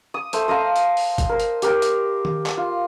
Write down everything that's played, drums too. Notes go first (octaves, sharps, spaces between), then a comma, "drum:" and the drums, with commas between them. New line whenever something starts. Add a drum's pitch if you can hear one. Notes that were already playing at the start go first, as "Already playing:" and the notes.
D#6
A3 C5, drum: hi-hat
C5 D#5 F5 A#5
drum: hi-hat
drum: open hi-hat
drum: kick G1, hi-hat
A#4 C5
drum: hi-hat
G4 A#4 G5, drum: hi-hat
drum: hi-hat
drum: tom D#3
drum: clap
F4